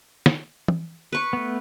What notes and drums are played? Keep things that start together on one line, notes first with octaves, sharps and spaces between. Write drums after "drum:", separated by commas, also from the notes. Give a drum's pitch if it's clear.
drum: snare
drum: tom
B4 C#6
A3 B3